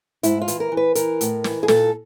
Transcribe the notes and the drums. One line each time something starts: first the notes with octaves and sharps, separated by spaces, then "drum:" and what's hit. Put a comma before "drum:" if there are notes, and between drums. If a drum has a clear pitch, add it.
G#2 E4, drum: hi-hat
F4
E3, drum: hi-hat
A#4
E3
B4
E3 A#4, drum: hi-hat
A2, drum: hi-hat
E3, drum: snare
G#4
A#2 A4, drum: snare